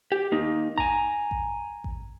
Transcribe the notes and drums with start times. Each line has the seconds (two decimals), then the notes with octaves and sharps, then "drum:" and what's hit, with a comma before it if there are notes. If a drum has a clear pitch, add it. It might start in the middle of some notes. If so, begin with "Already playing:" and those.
0.12 G4
0.32 A#3 D#4
0.78 G#5 A#5, drum: kick A1
1.31 drum: kick A1
1.84 drum: kick A1